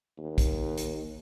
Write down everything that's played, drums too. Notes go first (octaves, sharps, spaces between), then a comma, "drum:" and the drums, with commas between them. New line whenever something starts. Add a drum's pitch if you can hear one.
D#2
drum: kick, hi-hat
drum: hi-hat